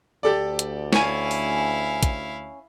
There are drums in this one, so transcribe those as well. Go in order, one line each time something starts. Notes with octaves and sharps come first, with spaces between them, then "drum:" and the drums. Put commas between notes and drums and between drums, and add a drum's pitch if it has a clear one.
D2 G4 A4 D5
drum: hi-hat
C#4 E4 F5 G#5, drum: snare
drum: open hi-hat
drum: kick, hi-hat